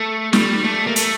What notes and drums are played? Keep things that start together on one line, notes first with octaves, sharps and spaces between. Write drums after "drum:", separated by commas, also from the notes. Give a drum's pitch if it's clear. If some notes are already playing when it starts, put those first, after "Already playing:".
Already playing: A3
G3, drum: snare
A3
A#3
A3, drum: hi-hat